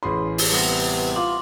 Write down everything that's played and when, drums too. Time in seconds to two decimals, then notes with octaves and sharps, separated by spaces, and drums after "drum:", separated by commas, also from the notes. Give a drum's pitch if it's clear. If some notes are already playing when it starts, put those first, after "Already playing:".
0.03 A1 C#4 G#4 B5 C6
0.38 drum: open hi-hat
0.51 C3 G3 B3 A#6
1.16 F4 C6 D6 F#7